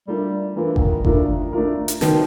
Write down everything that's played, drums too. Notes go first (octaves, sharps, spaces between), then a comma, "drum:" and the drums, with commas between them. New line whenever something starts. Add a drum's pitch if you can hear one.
G3 A3 D4 F4 A#4
E3 A3 D4 F4 A#4
D3, drum: kick G1
D#3
D#3 A3 D4 F4 A#4, drum: kick G1
A3 D4 F4 A#4
drum: hi-hat
D#3 F3 F#3 B3, drum: snare